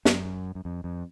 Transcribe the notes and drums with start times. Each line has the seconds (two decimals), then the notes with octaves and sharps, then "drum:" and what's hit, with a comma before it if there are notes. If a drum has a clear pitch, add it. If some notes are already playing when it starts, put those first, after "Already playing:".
0.05 F#2, drum: snare
0.55 F#2
0.65 F2
0.84 F2